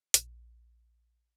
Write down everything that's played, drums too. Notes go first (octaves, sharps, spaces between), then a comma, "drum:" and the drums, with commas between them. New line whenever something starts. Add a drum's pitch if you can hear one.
A#1, drum: hi-hat